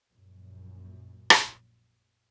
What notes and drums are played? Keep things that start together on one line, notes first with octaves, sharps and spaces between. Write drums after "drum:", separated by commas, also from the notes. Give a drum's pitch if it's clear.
A#1 F#2 A#2
drum: rim click